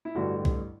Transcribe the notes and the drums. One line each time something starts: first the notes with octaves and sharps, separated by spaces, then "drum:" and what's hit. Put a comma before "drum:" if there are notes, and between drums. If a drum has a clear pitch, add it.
E4
A1 G2 D3 G3 F#4
drum: kick C2